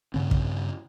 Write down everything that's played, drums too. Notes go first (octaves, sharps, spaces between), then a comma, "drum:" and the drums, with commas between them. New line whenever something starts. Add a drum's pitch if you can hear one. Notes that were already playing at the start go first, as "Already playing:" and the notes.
G2 C#3 C4
drum: kick